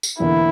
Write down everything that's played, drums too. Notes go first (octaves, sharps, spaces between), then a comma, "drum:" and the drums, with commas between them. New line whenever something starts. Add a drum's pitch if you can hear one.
drum: tambourine
E1 E2 D3 A#3 E4